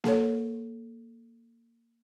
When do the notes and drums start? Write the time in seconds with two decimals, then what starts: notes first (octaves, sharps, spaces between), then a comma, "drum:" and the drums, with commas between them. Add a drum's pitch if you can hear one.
0.04 A#3 A4 C#5, drum: snare A#3